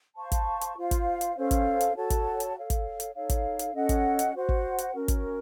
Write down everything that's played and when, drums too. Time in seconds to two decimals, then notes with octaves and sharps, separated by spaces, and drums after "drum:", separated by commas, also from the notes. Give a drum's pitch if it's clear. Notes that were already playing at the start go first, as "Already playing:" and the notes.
0.16 C5 F5 A5 C#6
0.32 drum: kick, hi-hat
0.61 drum: hi-hat
0.76 F4 C5 F5
0.91 drum: kick, hi-hat
1.21 drum: hi-hat
1.36 C#4 A4 C5 F5
1.51 drum: kick, hi-hat
1.81 drum: hi-hat
1.96 F#4 A4 C#5 A5
2.10 drum: kick, hi-hat
2.40 drum: hi-hat
2.55 A4 C#5 F5
2.70 drum: kick, hi-hat
3.00 drum: hi-hat
3.14 D#4 A4 C#5 F5
3.29 drum: kick, hi-hat
3.59 drum: hi-hat
3.74 C#4 A4 D#5 F#5
3.89 drum: kick, hi-hat
4.19 drum: hi-hat
4.34 F#4 C5 F#5
4.49 drum: kick
4.78 drum: hi-hat
4.93 C#4 F#4 A#4
5.08 drum: kick, hi-hat